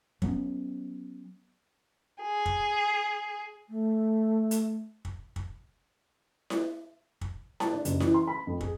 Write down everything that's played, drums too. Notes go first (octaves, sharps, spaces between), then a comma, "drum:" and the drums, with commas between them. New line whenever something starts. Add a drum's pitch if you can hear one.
F#3 B3 C#4, drum: kick
G#4
drum: kick
A3
drum: hi-hat
drum: kick
drum: kick
drum: snare E4
drum: kick
A5, drum: snare E4
D4
F#1, drum: hi-hat
E3, drum: snare E4
C6
B5
F2
G#4, drum: kick